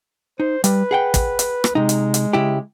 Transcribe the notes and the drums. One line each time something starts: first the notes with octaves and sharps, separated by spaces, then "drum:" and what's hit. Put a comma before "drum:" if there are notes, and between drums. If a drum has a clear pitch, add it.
D#4 C5
G3 B4, drum: hi-hat
G#4 F#5 G5
drum: kick, hi-hat
drum: hi-hat
drum: rim click
C3 G#3 D#4
drum: hi-hat
drum: hi-hat
C#3 E4 G4